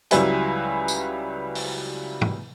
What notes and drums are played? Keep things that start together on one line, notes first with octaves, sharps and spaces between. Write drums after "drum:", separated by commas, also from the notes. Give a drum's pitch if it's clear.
C#2 F#3 G3 E4 B4 G#5, drum: hi-hat
drum: tambourine
drum: open hi-hat
drum: tom